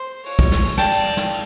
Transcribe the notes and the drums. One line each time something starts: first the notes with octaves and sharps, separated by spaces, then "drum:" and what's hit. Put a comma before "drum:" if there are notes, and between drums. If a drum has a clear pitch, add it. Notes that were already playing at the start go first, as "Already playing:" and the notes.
Already playing: C5
C#5, drum: cymbal
drum: kick, cymbal
drum: snare
drum: cymbal
D5 G5 A5, drum: snare
drum: cymbal
drum: cymbal
drum: snare
drum: cymbal